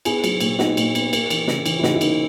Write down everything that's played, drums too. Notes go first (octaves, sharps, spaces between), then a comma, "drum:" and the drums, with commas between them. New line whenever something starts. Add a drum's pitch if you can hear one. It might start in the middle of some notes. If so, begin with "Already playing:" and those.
B3 E4 G#4, drum: cymbal
F#3, drum: cymbal
A#2, drum: cymbal
B3 D#4 F#4, drum: snare
A#2, drum: cymbal
B3, drum: cymbal
A#3, drum: cymbal
E3, drum: cymbal
C#3, drum: snare
E3, drum: cymbal
E4
C#3 D#4 F#4, drum: snare
E4
A#3 D#4, drum: cymbal